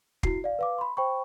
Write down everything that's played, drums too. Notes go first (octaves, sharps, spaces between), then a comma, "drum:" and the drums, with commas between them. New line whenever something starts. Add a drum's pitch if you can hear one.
E4 F#4 C7, drum: kick
D5 F5
B4 F5 D6
B5 C6
C5 G5 B5 C#6